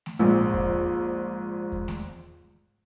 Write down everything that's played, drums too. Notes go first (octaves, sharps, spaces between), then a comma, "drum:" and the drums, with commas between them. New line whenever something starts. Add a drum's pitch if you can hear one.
drum: snare A3
A#1 G#2
drum: kick E2
drum: kick E2
drum: snare A3